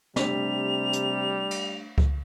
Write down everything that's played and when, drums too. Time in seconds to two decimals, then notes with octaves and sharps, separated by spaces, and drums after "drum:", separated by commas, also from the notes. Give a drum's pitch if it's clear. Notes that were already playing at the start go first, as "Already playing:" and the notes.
0.16 C3 G3 A3 D4 B6 F7, drum: snare
0.93 drum: hi-hat
1.51 drum: cymbal
1.98 drum: kick C#2